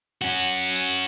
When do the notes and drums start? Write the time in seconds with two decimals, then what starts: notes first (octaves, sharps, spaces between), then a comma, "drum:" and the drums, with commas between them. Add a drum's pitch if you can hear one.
0.22 C#4 F#4
0.40 drum: tambourine
0.58 drum: tambourine
0.76 drum: tambourine